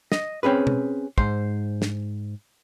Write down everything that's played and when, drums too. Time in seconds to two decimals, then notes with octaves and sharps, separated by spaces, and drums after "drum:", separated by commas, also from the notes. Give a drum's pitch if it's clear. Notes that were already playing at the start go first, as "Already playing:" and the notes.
0.12 D#5, drum: snare
0.43 C4 C#4 G#4 B4
0.67 drum: tom B2
1.18 G#2 C5, drum: kick
1.82 drum: snare